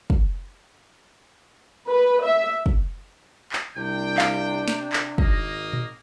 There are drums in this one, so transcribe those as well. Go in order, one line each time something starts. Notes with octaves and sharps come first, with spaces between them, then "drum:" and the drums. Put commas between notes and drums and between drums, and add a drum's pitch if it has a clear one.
drum: kick
B4
E5
drum: kick
drum: clap
C2 C3 D4 G5
F5, drum: clap
drum: snare
drum: clap
G#1 A#3 D#5, drum: kick
drum: tom A#2